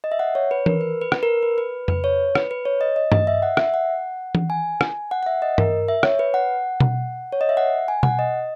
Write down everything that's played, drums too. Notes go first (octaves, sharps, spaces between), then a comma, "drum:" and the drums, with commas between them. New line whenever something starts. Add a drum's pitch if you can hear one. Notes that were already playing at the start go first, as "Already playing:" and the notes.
D#5
E5
F#5
C#5
B4
A#4, drum: tom E3
B4
B4
drum: rim click
A#4
B4
B4
B4, drum: tom F2
C#5
B4, drum: rim click
B4
C#5
D#5
D#5
D#5, drum: tom G2
E5
F#5
E5, drum: rim click
F#5
drum: tom E3
G#5
drum: rim click
F#5
F#5
E5
D#5
A#4, drum: tom G2
E5
C#5, drum: rim click
B4
F#5
drum: tom B2
C#5
D#5
E5
F#5
G#5
F#5, drum: tom B2
D#5